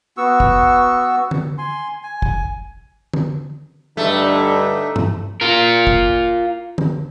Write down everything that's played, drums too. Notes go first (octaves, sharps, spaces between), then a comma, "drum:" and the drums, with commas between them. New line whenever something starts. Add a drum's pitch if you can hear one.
B3 F#4 C#6 E6
drum: kick
drum: tom D3
G#5 C6
G#5
drum: kick
drum: tom D3
G2 D3 A3 D4 D#4 E5
drum: tom G2
F4 A#4
drum: kick
drum: tom D3